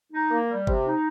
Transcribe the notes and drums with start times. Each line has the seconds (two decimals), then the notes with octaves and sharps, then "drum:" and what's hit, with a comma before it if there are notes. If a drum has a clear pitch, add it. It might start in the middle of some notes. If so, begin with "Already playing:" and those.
0.12 D#4
0.30 A#3
0.48 G3
0.67 C3, drum: kick G1
0.85 D#4